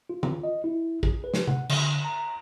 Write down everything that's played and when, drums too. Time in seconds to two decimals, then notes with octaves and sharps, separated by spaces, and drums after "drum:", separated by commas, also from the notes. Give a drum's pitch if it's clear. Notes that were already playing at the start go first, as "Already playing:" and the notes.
0.10 F4
0.23 drum: tom
0.43 D#5
0.64 E4
1.03 G#4, drum: kick
1.24 B4
1.34 drum: snare
1.47 F#5, drum: tom
1.69 D3, drum: cymbal
2.04 A#5